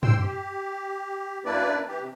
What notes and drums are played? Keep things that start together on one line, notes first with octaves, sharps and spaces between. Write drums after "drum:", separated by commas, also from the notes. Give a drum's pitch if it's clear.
D2 G#2 G5 C6 E6, drum: tom
G4
F#2 A#3 D4 E4 B4 D5
E3 G4
C3